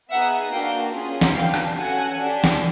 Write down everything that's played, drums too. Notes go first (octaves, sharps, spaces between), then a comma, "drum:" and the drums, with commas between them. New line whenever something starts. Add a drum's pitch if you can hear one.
B3 D#4 G#4 E5 F#5
A#3 D4 F#4 F5 G5
C#4 F4 G#4
drum: snare
B3 D4 G4 F5 G5
drum: rim click
C#4 F#4 A4 F#5 G#5
D4 G4
drum: snare